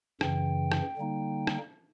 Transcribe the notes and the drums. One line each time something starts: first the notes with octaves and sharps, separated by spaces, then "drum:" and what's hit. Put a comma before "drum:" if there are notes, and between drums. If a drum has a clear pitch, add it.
F#2 C#3 E3 G5, drum: rim click
drum: rim click
D3 G3 A#3 D#4
drum: rim click